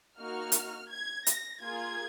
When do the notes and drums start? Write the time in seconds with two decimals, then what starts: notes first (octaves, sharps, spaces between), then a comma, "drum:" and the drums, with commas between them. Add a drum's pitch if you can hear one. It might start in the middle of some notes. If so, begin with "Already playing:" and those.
0.19 A#3 D#4 F#4 F6
0.52 drum: hi-hat
0.90 G#6
1.27 A#6, drum: hi-hat
1.61 A#3 F4 G#4 G#6